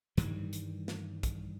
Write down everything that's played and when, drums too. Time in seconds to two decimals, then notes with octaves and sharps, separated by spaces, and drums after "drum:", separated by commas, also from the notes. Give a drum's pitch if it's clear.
0.17 G2 D#3 E3 G3, drum: hi-hat
0.53 drum: hi-hat
0.88 drum: snare
1.23 drum: kick A1, hi-hat